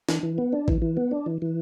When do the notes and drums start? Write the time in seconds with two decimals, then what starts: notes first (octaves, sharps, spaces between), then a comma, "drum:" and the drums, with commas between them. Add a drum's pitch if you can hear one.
0.09 E3, drum: snare
0.23 E3
0.38 B3
0.53 D4
0.68 E3, drum: kick
0.82 E3
0.97 B3
1.11 D4
1.26 E3
1.42 E3